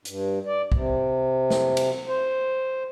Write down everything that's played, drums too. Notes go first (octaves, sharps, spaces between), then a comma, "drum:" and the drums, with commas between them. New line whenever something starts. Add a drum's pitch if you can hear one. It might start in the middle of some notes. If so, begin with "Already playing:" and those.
G2, drum: hi-hat
D5
C3, drum: kick
drum: snare
drum: cymbal
C5